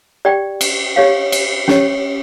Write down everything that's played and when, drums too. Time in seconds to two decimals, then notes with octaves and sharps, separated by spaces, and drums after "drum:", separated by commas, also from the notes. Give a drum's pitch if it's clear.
0.25 G4 D5 G5
0.61 drum: cymbal
0.96 G4 C#5 F5
1.32 drum: cymbal
1.68 C#4 G4 C#5, drum: snare